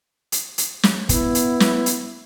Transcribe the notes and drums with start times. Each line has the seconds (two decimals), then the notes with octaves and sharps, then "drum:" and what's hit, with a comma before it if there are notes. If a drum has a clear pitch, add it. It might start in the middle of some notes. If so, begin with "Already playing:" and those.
0.32 drum: hi-hat
0.58 drum: hi-hat
0.83 drum: snare
1.09 B3 E4, drum: kick, hi-hat
1.35 drum: hi-hat
1.60 drum: snare
1.86 drum: hi-hat